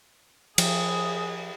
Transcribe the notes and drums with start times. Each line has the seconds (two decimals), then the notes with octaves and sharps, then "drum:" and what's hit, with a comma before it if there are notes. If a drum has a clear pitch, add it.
0.58 F3 G#4, drum: cymbal